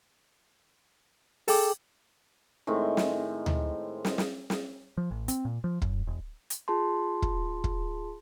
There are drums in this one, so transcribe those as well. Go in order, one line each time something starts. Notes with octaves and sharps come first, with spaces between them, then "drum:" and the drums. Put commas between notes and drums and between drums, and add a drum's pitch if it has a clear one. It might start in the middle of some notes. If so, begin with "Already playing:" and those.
G#4 A4 G5 D6, drum: open hi-hat
A2 D#3 G#3 C4
drum: snare
drum: tom D2
drum: snare
drum: snare
drum: snare
F3
A1
C4, drum: hi-hat
A#2
F3
F#2, drum: kick
E1
drum: hi-hat
F4 G#4 A5 C6
drum: kick
drum: kick